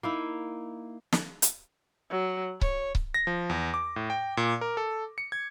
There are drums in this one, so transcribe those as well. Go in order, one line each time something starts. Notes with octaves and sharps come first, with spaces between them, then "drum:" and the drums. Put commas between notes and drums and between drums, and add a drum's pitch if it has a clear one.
A#3 D#4 E4
drum: snare
drum: hi-hat
F#3
C#5, drum: kick C#1
drum: kick C#1
A#6
F3
E2
D6
A2
G5
A#2
A#4
A4
C#7
G#6